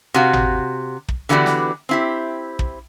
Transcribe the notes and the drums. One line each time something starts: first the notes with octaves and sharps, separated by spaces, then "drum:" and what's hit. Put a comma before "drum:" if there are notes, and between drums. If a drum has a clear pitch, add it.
C3 F#4 F5
drum: tom G#1
drum: kick
D3 E3 B3 F#4 G4 D5
drum: snare
C4 E4 G4
drum: kick